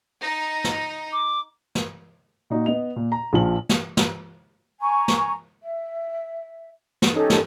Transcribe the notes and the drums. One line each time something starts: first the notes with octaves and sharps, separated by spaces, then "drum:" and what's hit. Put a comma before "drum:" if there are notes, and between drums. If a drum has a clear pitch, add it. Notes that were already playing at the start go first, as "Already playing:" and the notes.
D#4 A#6
drum: snare
D6
drum: snare
A#2 D#4 F#4
B3 D#5 F7
A#2
A#5
A#1 F3 F#7
drum: snare
drum: snare
G#5 A#5 C#6
drum: snare
E5
drum: snare
C#4 D#4 G4 A4
drum: snare